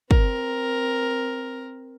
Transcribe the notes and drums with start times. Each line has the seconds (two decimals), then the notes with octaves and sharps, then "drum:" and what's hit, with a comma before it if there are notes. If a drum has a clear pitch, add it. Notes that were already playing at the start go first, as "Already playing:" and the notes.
0.11 C4 A#4, drum: kick